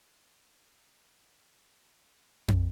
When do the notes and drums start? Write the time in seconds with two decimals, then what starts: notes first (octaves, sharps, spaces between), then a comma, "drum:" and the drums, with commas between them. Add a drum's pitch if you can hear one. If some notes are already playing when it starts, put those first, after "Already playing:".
0.13 F5
1.35 G5
2.48 drum: tom F2